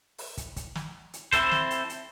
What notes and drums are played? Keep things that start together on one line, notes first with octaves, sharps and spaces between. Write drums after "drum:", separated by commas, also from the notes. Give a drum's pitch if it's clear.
drum: open hi-hat
drum: kick, hi-hat
drum: kick, hi-hat
drum: snare
drum: hi-hat
C4 E4 A4 C5, drum: kick, hi-hat
drum: snare
drum: hi-hat
drum: hi-hat